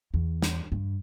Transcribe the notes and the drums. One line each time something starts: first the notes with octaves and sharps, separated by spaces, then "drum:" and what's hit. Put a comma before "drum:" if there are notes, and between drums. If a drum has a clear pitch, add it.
E2
drum: snare
G2